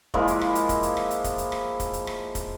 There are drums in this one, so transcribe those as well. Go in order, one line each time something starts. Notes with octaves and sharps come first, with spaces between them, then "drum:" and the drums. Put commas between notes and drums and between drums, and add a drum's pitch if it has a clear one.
F3 G#3 A#3 E4, drum: kick
drum: hi-hat
drum: rim click
drum: hi-hat
drum: kick, hi-hat
drum: hi-hat
drum: rim click
drum: hi-hat
drum: kick, hi-hat
drum: hi-hat
drum: rim click
drum: kick, hi-hat
drum: hi-hat
drum: rim click
drum: kick, hi-hat